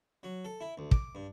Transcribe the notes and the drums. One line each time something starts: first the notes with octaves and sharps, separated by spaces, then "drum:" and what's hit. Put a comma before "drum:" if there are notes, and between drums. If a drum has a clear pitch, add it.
F#3
A4
E4
D2
D6, drum: kick
G2